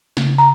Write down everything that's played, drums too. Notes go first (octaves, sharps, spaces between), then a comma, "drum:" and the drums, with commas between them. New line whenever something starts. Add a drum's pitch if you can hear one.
C#3, drum: snare
A#5